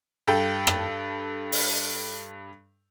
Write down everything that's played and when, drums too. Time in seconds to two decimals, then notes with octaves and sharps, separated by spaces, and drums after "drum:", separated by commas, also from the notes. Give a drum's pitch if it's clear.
0.27 G2 A4 G5
0.67 drum: rim click
1.52 drum: open hi-hat